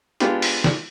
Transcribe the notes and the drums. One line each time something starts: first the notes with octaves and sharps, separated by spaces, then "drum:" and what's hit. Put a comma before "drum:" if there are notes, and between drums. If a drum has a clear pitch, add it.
G#3 B3 D4 F4 G4, drum: hi-hat
drum: open hi-hat
drum: snare